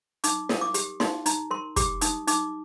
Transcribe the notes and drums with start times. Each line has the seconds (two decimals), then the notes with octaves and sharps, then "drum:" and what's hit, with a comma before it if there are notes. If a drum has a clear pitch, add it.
0.24 D#4 D6, drum: hi-hat
0.49 A#4 D#6, drum: snare
0.61 D6
0.74 G4, drum: hi-hat
1.00 D#4 C6, drum: snare
1.26 D#4 A#5, drum: hi-hat
1.51 A#4 C6
1.76 G4 D6, drum: kick, hi-hat
2.01 D#4 D#6, drum: hi-hat
2.27 D#4 D6, drum: hi-hat